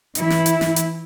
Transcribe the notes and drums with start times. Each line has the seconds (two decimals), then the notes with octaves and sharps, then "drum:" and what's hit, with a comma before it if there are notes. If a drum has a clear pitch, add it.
0.15 E3 E4, drum: hi-hat
0.30 drum: snare
0.46 drum: hi-hat
0.61 drum: snare
0.76 drum: hi-hat